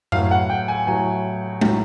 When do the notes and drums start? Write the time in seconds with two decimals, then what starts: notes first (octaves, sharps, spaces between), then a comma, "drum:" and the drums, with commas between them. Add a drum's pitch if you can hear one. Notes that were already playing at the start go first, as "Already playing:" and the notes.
0.12 A2 F#3 F5, drum: tom F#2
0.31 F#5
0.50 G5
0.68 G#5
0.87 A2 F#3 G#5
1.61 A2 F#3, drum: tom G#3